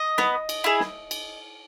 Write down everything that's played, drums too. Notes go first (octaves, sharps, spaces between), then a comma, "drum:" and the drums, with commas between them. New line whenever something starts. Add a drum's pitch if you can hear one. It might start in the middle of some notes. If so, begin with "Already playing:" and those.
Already playing: D#5
B3, drum: snare
drum: cymbal
E4 G#4
drum: snare
drum: cymbal